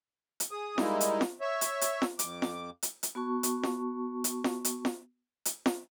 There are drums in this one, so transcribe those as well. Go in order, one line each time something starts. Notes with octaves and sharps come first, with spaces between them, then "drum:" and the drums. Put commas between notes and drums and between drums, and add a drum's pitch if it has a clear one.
drum: hi-hat
G#4 D#6
G3 G#3 A#3 D#4 E4, drum: snare F4
drum: hi-hat
drum: snare F4
C#5 E5
drum: hi-hat
drum: hi-hat
drum: snare F4
F2 D6, drum: hi-hat
drum: snare F4
drum: hi-hat
drum: hi-hat
B3 F#4 A5 C#6
drum: hi-hat
drum: snare F4
drum: hi-hat
drum: snare F4
drum: hi-hat
drum: snare F4
drum: hi-hat
drum: snare F4